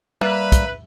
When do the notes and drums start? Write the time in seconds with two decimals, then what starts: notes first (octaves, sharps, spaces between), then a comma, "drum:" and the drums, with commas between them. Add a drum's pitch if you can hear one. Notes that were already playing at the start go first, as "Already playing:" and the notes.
0.21 G3 A#3 B4 E5
0.52 drum: kick, hi-hat